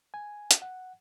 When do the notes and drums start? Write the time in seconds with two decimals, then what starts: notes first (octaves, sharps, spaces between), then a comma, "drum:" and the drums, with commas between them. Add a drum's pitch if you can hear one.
0.14 G#5
0.51 drum: hi-hat
0.62 F#5